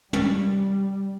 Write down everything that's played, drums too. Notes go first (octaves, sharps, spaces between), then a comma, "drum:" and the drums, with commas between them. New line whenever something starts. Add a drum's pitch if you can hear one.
G3, drum: tom